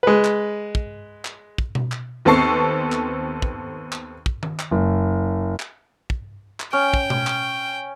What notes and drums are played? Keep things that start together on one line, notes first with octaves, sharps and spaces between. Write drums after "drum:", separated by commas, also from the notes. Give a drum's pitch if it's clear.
G#3 B4
drum: clap
drum: kick
drum: clap
drum: kick
drum: tom B2
drum: clap
D#2 B3 C4 A4 C#6 C7
drum: clap
drum: kick
drum: clap
drum: kick
drum: tom D#3
drum: clap
F#1
drum: clap
drum: kick
drum: clap
C#4 G5
drum: kick
drum: tom B2
drum: clap